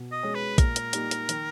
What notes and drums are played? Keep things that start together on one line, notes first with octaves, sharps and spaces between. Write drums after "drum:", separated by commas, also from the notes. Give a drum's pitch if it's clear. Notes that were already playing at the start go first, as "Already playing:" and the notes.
Already playing: B2
D#5
G#3 C#4
B4
A#2 A#4, drum: kick, hi-hat
drum: hi-hat
G3 A#3 D#4, drum: hi-hat
drum: hi-hat
D#3, drum: hi-hat